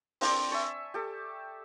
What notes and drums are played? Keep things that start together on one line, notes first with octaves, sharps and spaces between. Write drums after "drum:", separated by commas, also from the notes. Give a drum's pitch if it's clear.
C4 D4 C5 D5, drum: open hi-hat
E5 G#5 A5 C#6
G4 A4